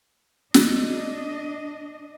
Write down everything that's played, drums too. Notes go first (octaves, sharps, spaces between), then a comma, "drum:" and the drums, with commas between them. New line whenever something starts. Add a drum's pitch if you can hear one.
D4 D#5, drum: snare